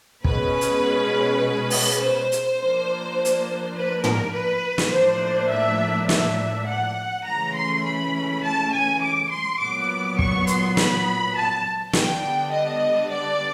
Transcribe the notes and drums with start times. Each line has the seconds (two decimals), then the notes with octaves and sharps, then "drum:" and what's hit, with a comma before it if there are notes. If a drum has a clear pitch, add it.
0.24 B2 G#3 C#4 B4, drum: kick
0.61 drum: hi-hat
1.70 drum: open hi-hat
1.99 C5
2.32 drum: hi-hat
2.58 F3 A#3 D4
3.25 drum: hi-hat
3.75 B4
4.04 A#4, drum: tom
4.33 B4
4.78 drum: snare
4.92 A2 F3 A#3 D4 C5
5.51 E5
6.09 E5, drum: snare
6.67 F#5
7.26 C#3 E3 A3 C#4 A#5
7.55 C6
7.84 B5
8.43 A5
8.72 G#5
9.01 D6
9.30 C6
9.59 A#2 F#3 B3 D6
10.19 C#6, drum: kick
10.47 C6, drum: hi-hat
10.77 B5, drum: snare
11.36 A5
11.93 D3 G3 B3 D4 G5, drum: snare
12.52 D#5
13.11 D5